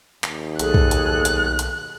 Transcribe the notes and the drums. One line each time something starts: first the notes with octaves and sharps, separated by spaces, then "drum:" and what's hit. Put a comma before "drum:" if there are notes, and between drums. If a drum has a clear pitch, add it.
D#2, drum: clap
B1 G#4 A4 F#6, drum: hi-hat
drum: kick
drum: hi-hat
drum: hi-hat
drum: hi-hat